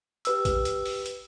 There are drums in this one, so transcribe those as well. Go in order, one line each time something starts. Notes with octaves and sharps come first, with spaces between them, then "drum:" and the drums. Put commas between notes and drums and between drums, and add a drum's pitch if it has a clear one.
G4 B4 E6, drum: hi-hat
drum: kick, hi-hat
drum: hi-hat
drum: open hi-hat
drum: hi-hat